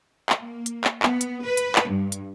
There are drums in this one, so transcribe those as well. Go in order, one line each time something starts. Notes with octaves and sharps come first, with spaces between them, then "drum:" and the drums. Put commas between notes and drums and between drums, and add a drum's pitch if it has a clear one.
drum: clap
A#3
drum: hi-hat
drum: clap
B3, drum: clap
drum: hi-hat
B4
drum: hi-hat
drum: clap
G2
drum: hi-hat